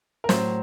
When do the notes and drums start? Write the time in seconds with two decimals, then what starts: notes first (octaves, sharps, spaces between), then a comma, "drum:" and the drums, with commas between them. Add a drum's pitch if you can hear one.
0.24 A#4
0.29 A2 F#3 C5, drum: snare